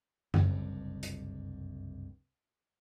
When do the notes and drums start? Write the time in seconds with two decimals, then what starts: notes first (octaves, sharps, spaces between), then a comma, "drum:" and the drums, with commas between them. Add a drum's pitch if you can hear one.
0.34 F#1 C2 G2, drum: tom F#2
1.03 drum: hi-hat